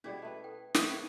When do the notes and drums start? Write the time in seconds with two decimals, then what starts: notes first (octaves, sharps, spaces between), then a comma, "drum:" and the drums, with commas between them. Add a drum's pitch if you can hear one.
0.04 B2 G3 B3 C#4 E4 G#4 D5
0.22 A3 B4
0.44 A4 G5
0.74 A2 C#3 A3 E4 A#4 E5 C#6, drum: snare